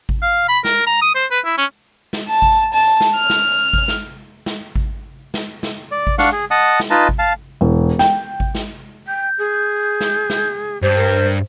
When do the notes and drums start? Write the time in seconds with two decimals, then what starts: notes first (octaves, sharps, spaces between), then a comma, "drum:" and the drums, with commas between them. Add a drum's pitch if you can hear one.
0.09 drum: kick G#1
0.22 F5
0.49 B5
0.64 A#4, drum: snare
0.87 A#5
1.02 D#6
1.15 C5
1.31 B4
1.45 E4
1.58 C#4
2.13 drum: snare
2.28 A5
2.42 drum: kick G#1
2.73 A5
3.01 drum: snare
3.15 F6
3.30 drum: snare
3.73 drum: kick G#1
3.88 drum: snare
4.46 drum: snare
4.76 drum: kick G#1
5.34 drum: snare
5.63 drum: snare
5.92 D5
6.07 drum: kick G#1
6.19 D4 F5 F#5 C#6, drum: snare
6.33 G#4
6.51 D#5 F#5 A5 D#6
6.80 drum: snare
6.90 D#4 F4 B4 D#5 A5
7.09 drum: kick G#1
7.19 F5 A5
7.61 E1
7.99 G5, drum: snare
8.40 drum: kick G#1
8.55 drum: snare
9.07 G5 G6
9.38 G#4
10.01 drum: snare
10.30 drum: snare
10.82 G2 G4 C5
10.95 A#4